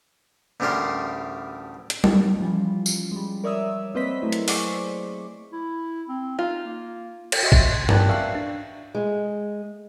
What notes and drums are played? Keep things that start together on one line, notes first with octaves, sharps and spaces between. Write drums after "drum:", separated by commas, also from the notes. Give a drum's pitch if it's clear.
A1 D2 A2 G3 A#4 C6
drum: hi-hat
drum: tom G3
E3 F3 G3 C#4 F4
drum: tambourine
G3 G#3
A#4 C#5 D5 E5 D#6 E6
A#3 C4 B4 C5 D#5 B6
F#3 A3 E4
drum: hi-hat
G#4 C5 D5 C#6 D6, drum: open hi-hat
E4
C4
D#4 F4
A#3
drum: cymbal
F#4 D#5 E5 C6 C#6
drum: kick A1
G#6
A#4 B4 D5 G5 A5 F#6, drum: tom G2
D5 E5 F5 C#6 F#6 C7
D4
G#3